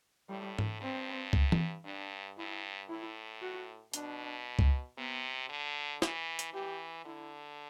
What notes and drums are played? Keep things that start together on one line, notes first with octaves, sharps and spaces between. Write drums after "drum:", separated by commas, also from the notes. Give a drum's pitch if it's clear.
A2 G3
drum: tom G#2
G2 C4
drum: kick
drum: tom E3
G2 D4
G2 E4
A2 E4
F#4
B2 D4, drum: hi-hat
drum: kick
C3 B3
D3
E3, drum: snare
drum: hi-hat
E3 G4
D3 E4